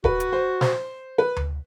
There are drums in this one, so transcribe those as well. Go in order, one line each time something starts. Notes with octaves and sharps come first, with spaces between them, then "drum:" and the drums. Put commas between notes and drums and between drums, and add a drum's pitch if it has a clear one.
F#4 B4, drum: kick D#1
drum: hi-hat
C5
C5, drum: snare
B4
drum: tom D2